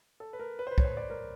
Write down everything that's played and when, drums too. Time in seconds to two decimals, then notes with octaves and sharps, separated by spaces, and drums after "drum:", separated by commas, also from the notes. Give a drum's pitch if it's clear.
0.20 A4
0.33 B4
0.40 A#4
0.59 B4
0.67 C5
0.71 B4
0.78 C#5, drum: kick
0.84 C5
0.97 D5
1.10 A#4